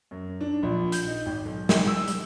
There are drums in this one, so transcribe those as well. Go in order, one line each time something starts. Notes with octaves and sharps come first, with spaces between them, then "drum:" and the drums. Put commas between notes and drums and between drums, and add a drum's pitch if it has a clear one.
F#2
D4
A#1
G6, drum: hi-hat
D#4
G#1
B1
drum: snare
E6
drum: hi-hat